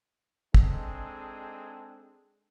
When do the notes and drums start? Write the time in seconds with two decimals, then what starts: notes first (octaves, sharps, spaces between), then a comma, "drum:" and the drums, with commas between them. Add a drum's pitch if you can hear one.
0.54 G#3 C4 D4 D#4 G#4 A4, drum: kick